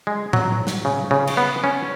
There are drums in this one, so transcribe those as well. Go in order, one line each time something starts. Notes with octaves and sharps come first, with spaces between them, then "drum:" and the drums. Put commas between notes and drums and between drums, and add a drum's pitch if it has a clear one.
G#3
F#3, drum: tom A2
drum: snare
C#3
C#3
drum: cymbal
B3
C#4